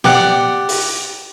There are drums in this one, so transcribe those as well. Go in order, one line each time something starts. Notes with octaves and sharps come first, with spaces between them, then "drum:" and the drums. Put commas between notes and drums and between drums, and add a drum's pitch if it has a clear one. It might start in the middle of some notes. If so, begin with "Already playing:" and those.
G4 D5 F#5, drum: snare
drum: open hi-hat